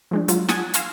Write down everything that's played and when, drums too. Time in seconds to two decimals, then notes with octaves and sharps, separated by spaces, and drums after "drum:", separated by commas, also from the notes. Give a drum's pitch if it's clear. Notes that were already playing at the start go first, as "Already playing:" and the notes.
0.11 F3 G#3 D4
0.28 F#3 F4, drum: hi-hat
0.49 F#5 G#5 A5 D#6 G#6, drum: snare
0.74 F5 G#5 C6 E6 F6 A#6, drum: hi-hat